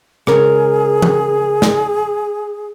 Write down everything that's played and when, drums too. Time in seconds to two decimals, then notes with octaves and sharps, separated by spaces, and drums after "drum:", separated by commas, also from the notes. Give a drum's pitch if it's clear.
0.27 C#3 G#3 G#4 A#4, drum: rim click
1.02 drum: tom E3
1.62 drum: snare